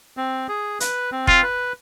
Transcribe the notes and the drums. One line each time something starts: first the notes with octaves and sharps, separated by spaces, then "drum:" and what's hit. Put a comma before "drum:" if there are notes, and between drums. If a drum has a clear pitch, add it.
C4
G#4
B4, drum: hi-hat
C4
F4, drum: kick F1
B4